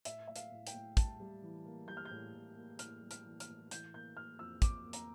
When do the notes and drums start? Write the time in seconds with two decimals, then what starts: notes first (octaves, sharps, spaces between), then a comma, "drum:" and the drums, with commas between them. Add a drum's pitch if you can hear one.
0.05 A2 E5, drum: hi-hat
0.27 A2 E5
0.36 F5, drum: hi-hat
0.52 A2
0.67 G5, drum: hi-hat
0.74 A2
0.97 G3 A5, drum: kick, hi-hat
1.20 G3
1.43 E3
1.66 A#3
1.88 G3 G6
1.97 F6
2.05 G6
2.11 A2
2.34 A2
2.57 A#3
2.79 A2 F6, drum: hi-hat
3.02 G3
3.11 F6, drum: hi-hat
3.25 E3
3.40 F6, drum: hi-hat
3.48 A2
3.71 E3 G6, drum: hi-hat
3.94 A#3 G6
4.17 A#3 F6
4.39 F2 E6
4.62 F2 D6, drum: kick, hi-hat
4.85 A#3
4.93 A#5, drum: hi-hat